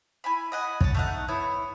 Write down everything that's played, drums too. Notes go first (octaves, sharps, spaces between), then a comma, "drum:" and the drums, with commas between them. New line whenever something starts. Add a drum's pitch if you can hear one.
E4 G#5 B5
D#5 F#5 G#5
C#5 A5, drum: kick
A3 D#4 F#5
B3 E4 C#5